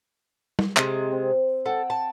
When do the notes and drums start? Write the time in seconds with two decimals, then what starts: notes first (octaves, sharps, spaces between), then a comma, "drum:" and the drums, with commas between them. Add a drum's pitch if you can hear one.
0.59 drum: tom
0.77 C3 G#3, drum: clap
1.12 C4
1.66 A4 F#5 G5
1.90 A5